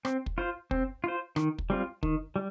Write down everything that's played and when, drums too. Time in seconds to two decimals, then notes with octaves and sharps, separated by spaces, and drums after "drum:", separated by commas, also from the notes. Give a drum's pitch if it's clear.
0.05 C4, drum: rim click
0.26 drum: kick
0.38 F4 C5
0.71 C4, drum: kick
1.04 F4 C5
1.36 D#3, drum: rim click
1.58 drum: kick
1.70 G3 C4 F4
2.03 D#3, drum: kick
2.36 G3